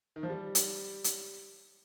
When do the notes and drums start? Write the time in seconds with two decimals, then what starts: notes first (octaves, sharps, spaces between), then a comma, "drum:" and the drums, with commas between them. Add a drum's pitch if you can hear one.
0.16 D#3
0.23 F3
0.29 G3
0.55 drum: hi-hat
1.04 drum: hi-hat